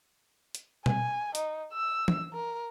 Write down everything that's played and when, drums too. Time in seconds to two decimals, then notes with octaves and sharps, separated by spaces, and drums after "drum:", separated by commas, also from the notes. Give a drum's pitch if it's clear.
0.55 drum: hi-hat
0.86 G#5, drum: tom B2
1.35 D#4, drum: hi-hat
1.73 E6
2.08 drum: tom E3
2.34 A#4